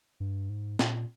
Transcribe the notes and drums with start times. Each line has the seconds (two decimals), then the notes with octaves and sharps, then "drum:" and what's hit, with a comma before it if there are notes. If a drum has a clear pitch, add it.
0.20 G2
0.50 G#2
0.79 A#2, drum: snare